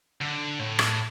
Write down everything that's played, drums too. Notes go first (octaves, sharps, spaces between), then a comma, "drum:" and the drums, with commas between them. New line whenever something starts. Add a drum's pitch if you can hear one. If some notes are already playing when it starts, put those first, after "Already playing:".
D3
A2
drum: rim click